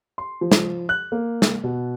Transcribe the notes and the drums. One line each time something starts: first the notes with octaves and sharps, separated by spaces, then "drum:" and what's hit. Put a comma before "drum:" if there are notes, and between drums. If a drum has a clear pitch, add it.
C6
F3
drum: snare
F#6
A#3
drum: snare
B2